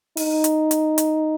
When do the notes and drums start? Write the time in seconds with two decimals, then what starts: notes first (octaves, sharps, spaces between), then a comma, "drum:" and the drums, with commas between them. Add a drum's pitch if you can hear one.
0.17 D#4, drum: open hi-hat
0.44 drum: hi-hat
0.71 drum: hi-hat
0.98 drum: hi-hat